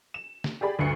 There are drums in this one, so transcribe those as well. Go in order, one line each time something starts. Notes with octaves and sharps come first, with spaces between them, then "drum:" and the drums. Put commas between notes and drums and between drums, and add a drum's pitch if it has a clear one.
E7
drum: snare
G4 G#4 D5 B5
D2 G2 C7 C#7